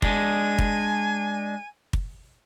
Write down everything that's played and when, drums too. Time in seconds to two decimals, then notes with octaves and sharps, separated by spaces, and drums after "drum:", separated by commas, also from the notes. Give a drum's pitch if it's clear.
0.02 G#3 D4 G#5, drum: kick
0.58 drum: kick
1.93 drum: kick